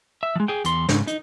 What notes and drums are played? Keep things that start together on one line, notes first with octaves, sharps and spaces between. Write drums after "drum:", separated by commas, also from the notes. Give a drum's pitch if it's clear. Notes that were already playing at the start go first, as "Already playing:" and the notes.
E5
F3 G#3
G#4 G5
E2 C6, drum: hi-hat
G#2 C#3, drum: snare
D#4, drum: hi-hat